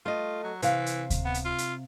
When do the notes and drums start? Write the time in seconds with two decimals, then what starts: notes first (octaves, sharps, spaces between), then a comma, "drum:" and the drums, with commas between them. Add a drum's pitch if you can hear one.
0.06 A3 F4 D#5
0.44 F#3
0.62 C3 E3 F5, drum: hi-hat
0.86 drum: hi-hat
1.10 drum: kick D2, hi-hat
1.25 B3
1.34 drum: hi-hat
1.45 F4
1.58 drum: hi-hat